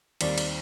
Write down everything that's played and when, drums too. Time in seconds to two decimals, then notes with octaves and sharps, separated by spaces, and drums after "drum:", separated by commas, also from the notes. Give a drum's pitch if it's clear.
0.21 D#2 D#3 G3 C4 D5, drum: cymbal
0.38 drum: cymbal